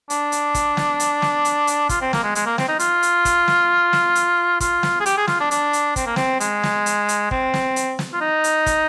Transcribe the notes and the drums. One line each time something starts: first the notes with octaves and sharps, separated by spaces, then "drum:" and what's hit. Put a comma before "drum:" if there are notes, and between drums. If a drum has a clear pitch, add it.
D4, drum: hi-hat
drum: hi-hat
drum: kick, hi-hat
drum: snare
drum: hi-hat
drum: snare
drum: hi-hat
drum: hi-hat
F4, drum: kick, hi-hat
C4
A#3, drum: snare
G#3
G#3, drum: hi-hat
A#3
C4, drum: snare
D#4
F4, drum: hi-hat
drum: hi-hat
drum: kick, hi-hat
drum: snare
drum: snare
drum: hi-hat
F4, drum: kick, hi-hat
drum: snare
G#4
G4, drum: hi-hat
G#4
F4, drum: snare
D4
D4, drum: hi-hat
drum: hi-hat
C4, drum: kick, hi-hat
A#3
C4, drum: snare
G#3, drum: hi-hat
drum: snare
drum: hi-hat
drum: hi-hat
C4, drum: kick
drum: snare
drum: hi-hat
drum: snare
F4
D#4
drum: hi-hat
drum: kick, hi-hat